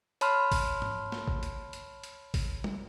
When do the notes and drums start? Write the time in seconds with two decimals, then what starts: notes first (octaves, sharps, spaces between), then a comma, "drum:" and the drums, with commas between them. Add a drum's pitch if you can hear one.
0.21 C#5 A5 B5 C6 F6, drum: hi-hat
0.52 drum: kick G#1, open hi-hat
0.82 drum: tom G#2
1.12 drum: snare
1.28 drum: kick G#1
1.43 drum: hi-hat
1.73 drum: hi-hat
2.04 drum: hi-hat
2.34 drum: kick G#1, open hi-hat
2.64 drum: tom